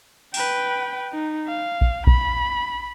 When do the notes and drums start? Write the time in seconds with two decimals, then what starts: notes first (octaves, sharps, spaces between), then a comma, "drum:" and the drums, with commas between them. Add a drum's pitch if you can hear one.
0.34 B4 G5, drum: open hi-hat
1.13 D#4
1.48 F5
1.81 drum: kick A#1
2.07 B5, drum: kick A#1